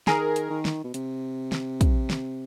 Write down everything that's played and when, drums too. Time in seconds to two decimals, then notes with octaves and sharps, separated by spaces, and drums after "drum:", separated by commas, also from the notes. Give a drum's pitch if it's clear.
0.07 D#3 G#4 A#4, drum: snare
0.36 drum: hi-hat
0.50 D#3
0.65 drum: snare
0.84 B2
0.94 C3, drum: hi-hat
1.52 drum: snare
1.81 drum: kick, hi-hat
2.10 drum: snare